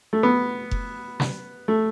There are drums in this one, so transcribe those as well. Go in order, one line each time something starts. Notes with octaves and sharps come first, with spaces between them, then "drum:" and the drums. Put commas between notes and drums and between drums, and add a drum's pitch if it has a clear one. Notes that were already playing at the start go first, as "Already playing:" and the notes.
A3
B3
drum: kick F1
drum: snare
A3